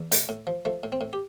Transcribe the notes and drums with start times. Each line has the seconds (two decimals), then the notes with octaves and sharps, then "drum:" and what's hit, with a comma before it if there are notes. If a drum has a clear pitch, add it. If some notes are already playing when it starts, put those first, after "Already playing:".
Already playing: E2
0.12 A2, drum: hi-hat
0.29 A2
0.47 F3
0.65 F3 A3
0.83 A2
0.92 C4
1.01 A2
1.13 G4